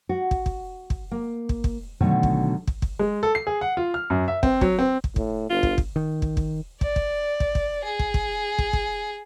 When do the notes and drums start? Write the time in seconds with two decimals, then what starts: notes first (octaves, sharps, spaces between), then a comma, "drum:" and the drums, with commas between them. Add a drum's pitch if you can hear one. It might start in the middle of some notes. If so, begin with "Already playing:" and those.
0.09 F#4
0.31 drum: kick
0.46 drum: kick
0.90 drum: kick
1.11 A#3
1.49 drum: kick
1.64 drum: kick
2.00 B2 D3 D#3 F#3 A3
2.23 drum: kick
2.67 drum: kick
2.82 drum: kick
2.99 G#3
3.23 A4
3.35 C7
3.47 G#4
3.61 F#5
3.77 F4
3.94 F6
4.10 F#2
4.28 E5
4.43 C4, drum: kick
4.61 F#3, drum: kick
4.79 C4
5.04 drum: kick
5.16 A2, drum: kick
5.50 G1 F4
5.63 drum: kick
5.78 drum: kick
5.96 D#3
6.22 drum: kick
6.37 drum: kick
6.81 D5, drum: kick
6.96 drum: kick
7.40 drum: kick
7.55 drum: kick
7.85 G#4
7.99 drum: kick
8.14 drum: kick
8.58 drum: kick
8.73 drum: kick